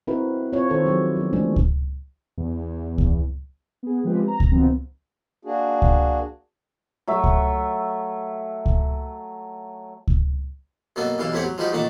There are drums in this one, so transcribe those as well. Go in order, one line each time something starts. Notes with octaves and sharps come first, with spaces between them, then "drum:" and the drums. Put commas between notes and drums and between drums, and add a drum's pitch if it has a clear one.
C4 E4 F#4 A#4 B4
C4 F4 C#5
D#3 A4 B4 C5
F3 F#3 G4
F#3 B3
E3 F3 G#3 A3 C#4 D4
drum: kick C#2
E2
drum: kick C#2
B3 G#4
D3 F3 G#3 C4 G4 B4
A#5
drum: kick C#2
C3 D#3 F3 F#3 B3 C4
A#3 D4 F#4 G#4
drum: kick C#2
F#3 A3 E5
drum: kick C#2
drum: kick C#2
drum: kick C#2
F#2 B2 A#3 B3 A4
B1 G2 E3 A4 F5
E2 A2 C4 G4 C#5 F#5
F#3
F3 G3 G#3 D#4 F#4 G4
A1 A#2 D#3 D4 F#5 A5